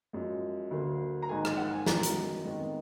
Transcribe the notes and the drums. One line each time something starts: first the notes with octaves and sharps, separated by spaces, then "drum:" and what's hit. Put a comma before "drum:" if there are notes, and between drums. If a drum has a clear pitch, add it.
F#2 F3 G#3
D2 D3 F#3 A#3
A#5
G#1 G#2 D#3 A#3 G#5
drum: rim click
F#5
G#5
F#2 D#3 G#3 B3 A#5, drum: snare
drum: hi-hat
F2 D#3 G#3 B3